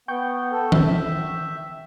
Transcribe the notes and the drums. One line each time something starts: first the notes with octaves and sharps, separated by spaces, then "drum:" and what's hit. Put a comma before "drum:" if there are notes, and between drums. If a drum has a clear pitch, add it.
B3 G5 C#6 G6
A4
E5, drum: tom D#3
E5